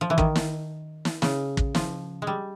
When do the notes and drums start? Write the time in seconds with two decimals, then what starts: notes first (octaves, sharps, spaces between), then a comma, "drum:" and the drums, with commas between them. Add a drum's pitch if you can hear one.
0.01 F3
0.10 E3
0.18 D#3, drum: kick
0.35 drum: snare
1.05 drum: snare
1.22 C#3, drum: snare
1.57 drum: kick
1.75 F3, drum: snare
2.22 G#3
2.27 G3